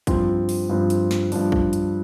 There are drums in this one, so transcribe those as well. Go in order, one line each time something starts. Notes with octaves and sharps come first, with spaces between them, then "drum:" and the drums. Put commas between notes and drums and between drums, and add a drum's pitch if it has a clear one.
G2 F3 C4, drum: kick, hi-hat
drum: open hi-hat
G2 F3 C4
drum: hi-hat
drum: snare
G2 F3 D4, drum: open hi-hat
drum: kick
drum: hi-hat